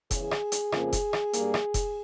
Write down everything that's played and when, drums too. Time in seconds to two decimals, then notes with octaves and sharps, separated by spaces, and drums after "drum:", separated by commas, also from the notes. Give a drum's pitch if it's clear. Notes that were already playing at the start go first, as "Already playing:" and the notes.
0.11 E2 C#3 E3 G#4, drum: kick F1, hi-hat
0.31 drum: rim click
0.52 drum: hi-hat
0.72 F2 C#3 F3 A#3, drum: rim click
0.93 drum: kick F1, hi-hat
1.13 drum: rim click
1.33 G2 G3 A#3, drum: hi-hat
1.54 drum: rim click
1.74 drum: kick F1, hi-hat